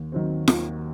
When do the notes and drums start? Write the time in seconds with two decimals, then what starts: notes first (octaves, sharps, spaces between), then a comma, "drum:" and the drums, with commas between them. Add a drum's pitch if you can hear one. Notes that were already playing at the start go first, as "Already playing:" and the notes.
Already playing: D#2
0.12 D#3 F#3 C4
0.48 D#2, drum: snare F4